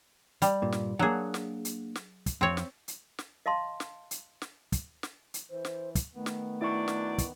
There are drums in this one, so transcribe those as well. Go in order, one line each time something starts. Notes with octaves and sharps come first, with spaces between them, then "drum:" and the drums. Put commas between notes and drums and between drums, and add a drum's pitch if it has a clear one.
G3, drum: hi-hat
G2 A#2
drum: snare
F#3 A#3 D4 G#4 F#5
drum: snare
drum: hi-hat
drum: snare
drum: kick, hi-hat
F2 C4 C#5
drum: snare
drum: hi-hat
drum: snare
D#5 F5 A5 C6
drum: snare
drum: hi-hat
drum: snare
drum: kick, hi-hat
drum: snare
drum: hi-hat
E3 C5
drum: snare
drum: kick, hi-hat
D#3 A3 B3
drum: snare
F#2 D4 E4 D5 C#6
drum: snare
drum: kick, hi-hat